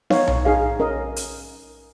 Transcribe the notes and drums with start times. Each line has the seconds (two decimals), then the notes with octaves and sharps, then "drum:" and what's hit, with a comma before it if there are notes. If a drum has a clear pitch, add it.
0.10 D#4 C#5 F5, drum: snare B3
0.28 drum: tom B1
0.45 D#4 G#4 F5
0.80 C#4 A#4 D#5
1.16 drum: hi-hat